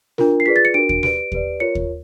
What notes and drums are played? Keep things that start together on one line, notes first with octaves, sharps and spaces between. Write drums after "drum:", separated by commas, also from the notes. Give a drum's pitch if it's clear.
D4 F4 A#4, drum: snare
C7
F4 G#4 B4 D5 B6
A6
C#7
D4 F#4 A#4 D7
D7, drum: kick D#2
G4 B4 D5 D7, drum: snare
G4 B4 D5, drum: kick D#2
F4 A#4 C#5 C#7
drum: kick D#2